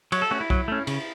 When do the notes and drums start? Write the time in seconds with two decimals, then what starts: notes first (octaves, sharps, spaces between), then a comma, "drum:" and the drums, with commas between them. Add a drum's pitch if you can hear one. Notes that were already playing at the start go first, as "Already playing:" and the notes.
0.12 F#3 C#5, drum: cymbal
0.22 A4
0.31 A3 C#4 F#4
0.40 E4
0.50 F#3, drum: kick B1
0.68 A3 C#4
0.87 C#3, drum: cymbal